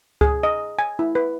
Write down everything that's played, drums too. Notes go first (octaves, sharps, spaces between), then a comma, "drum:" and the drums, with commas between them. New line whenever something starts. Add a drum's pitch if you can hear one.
G#4, drum: kick C#2
D#5
G#5
E4
B4